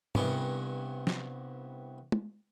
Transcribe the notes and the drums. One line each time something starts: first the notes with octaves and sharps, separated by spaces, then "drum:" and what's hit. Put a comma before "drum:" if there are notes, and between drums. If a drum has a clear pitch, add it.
C2 G2 C3 B3 C#4 D6, drum: tom G#2
drum: snare
drum: tom